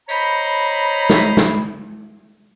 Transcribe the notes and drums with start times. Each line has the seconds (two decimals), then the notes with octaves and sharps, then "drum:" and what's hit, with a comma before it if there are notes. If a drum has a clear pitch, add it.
0.09 C5 C#5 D#5 A#5 B5, drum: tambourine
1.10 drum: snare
1.37 drum: snare